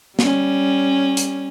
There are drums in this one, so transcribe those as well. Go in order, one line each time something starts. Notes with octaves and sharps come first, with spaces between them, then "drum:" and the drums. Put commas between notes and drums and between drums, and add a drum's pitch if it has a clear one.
G3 C#4, drum: snare
drum: hi-hat